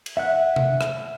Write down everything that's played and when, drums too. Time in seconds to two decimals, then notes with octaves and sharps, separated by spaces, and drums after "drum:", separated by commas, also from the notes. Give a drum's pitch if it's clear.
0.06 drum: cymbal
0.17 E5 F#5 F#6
0.56 drum: tom C3
0.81 drum: rim click